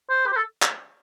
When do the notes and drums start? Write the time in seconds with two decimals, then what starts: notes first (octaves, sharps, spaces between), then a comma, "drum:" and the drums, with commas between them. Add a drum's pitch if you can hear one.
0.10 C5
0.27 G4
0.32 C5
0.36 A4
0.62 drum: clap